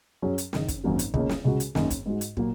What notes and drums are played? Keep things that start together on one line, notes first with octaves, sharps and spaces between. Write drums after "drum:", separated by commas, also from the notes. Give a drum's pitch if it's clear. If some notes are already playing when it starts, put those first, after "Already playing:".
F#2 F#3 C#4 G#4
drum: hi-hat
F#1 F#2 D#3, drum: snare
drum: kick, hi-hat
G#1 F#2 F#3 A#3 F#4
drum: hi-hat
C#2 C#3 A#3 C#4, drum: kick
drum: snare
C#2 C#3 G#3 F#4
drum: hi-hat
G#1 F#2 D#3 A#3, drum: snare
drum: kick, hi-hat
G#2 G#3 F#4
drum: hi-hat
A#2 F#3 A#3, drum: kick